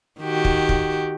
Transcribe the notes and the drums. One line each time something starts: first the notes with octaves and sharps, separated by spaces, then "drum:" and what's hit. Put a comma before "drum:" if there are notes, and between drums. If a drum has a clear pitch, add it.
D#3 F#4 G4
drum: kick
drum: kick